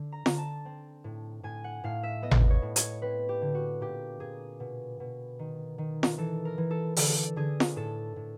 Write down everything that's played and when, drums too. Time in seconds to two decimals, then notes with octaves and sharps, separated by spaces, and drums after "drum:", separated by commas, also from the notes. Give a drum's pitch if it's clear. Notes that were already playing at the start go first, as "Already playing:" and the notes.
Already playing: D3
0.12 A#5
0.26 D3, drum: snare
0.38 A5
0.65 C4
1.04 A2
1.43 A2 G#5
1.64 F#5
1.84 A2 F5
2.03 E5
2.22 B3 D#5
2.31 drum: tom G#1
2.50 C#5
2.62 A2
2.76 C#5, drum: hi-hat
3.02 C4 B4
3.29 G4
3.42 D3
3.55 F#4
3.81 A#2 G4
4.20 A#2 G#4
4.60 B2
5.00 B2
5.39 D#3
5.78 D#3
6.03 drum: snare
6.18 E3 A4
6.45 A#4
6.58 E3
6.71 A4
6.96 D3 A4, drum: open hi-hat
7.36 D3 G#4
7.60 drum: snare
7.76 A2 A4
8.16 A2